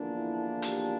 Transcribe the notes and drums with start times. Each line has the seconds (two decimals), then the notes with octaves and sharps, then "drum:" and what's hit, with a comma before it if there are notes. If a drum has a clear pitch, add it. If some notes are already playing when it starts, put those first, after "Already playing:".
Already playing: E2 D3 F3 A#3 D4
0.15 E4
0.62 G4, drum: hi-hat